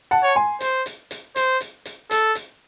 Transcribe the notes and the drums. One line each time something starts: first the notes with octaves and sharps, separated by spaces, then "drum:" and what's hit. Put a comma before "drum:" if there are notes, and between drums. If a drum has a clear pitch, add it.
F#5 A5
C#5
G#5 C6
C5, drum: hi-hat
drum: hi-hat
drum: hi-hat
C5, drum: hi-hat
drum: hi-hat
drum: hi-hat
A4, drum: hi-hat
drum: hi-hat